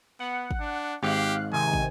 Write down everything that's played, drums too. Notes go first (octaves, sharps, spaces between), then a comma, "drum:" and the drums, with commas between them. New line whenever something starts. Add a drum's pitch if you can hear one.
B3 F#5
drum: kick
D4
G#1 G#2 G4 F5 F#6
C3 D#3 G#5
drum: kick